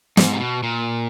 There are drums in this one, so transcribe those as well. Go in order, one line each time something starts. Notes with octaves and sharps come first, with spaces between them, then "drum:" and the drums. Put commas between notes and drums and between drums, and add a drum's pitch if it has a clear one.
G#2, drum: snare
C3
B2
A#2